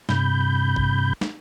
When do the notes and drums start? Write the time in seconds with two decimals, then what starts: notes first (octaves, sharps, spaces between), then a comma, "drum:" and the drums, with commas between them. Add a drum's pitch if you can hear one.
0.09 G2 C3 B5 G6, drum: snare
0.76 drum: kick
1.21 drum: snare